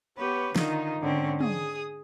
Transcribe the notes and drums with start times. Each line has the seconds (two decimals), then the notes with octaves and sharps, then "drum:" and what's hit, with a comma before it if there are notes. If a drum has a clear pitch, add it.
0.17 B3 G4 B4 C#5
0.56 D3 D#3 D#4 F4, drum: snare
1.01 G#2 D3 C4 C#4
1.40 G#4 D#6, drum: tom